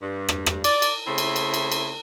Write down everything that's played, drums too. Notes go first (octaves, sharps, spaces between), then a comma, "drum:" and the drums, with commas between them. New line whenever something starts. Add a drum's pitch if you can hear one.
G2
drum: rim click
drum: rim click
D5, drum: cymbal
drum: cymbal
C#3 A3 C4 E4
drum: cymbal
drum: cymbal
drum: cymbal
drum: cymbal